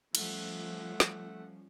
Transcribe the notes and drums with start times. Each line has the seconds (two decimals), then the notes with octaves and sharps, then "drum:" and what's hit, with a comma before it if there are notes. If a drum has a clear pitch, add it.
0.15 F3 G3 A3 C#4 F#5, drum: cymbal
1.00 drum: snare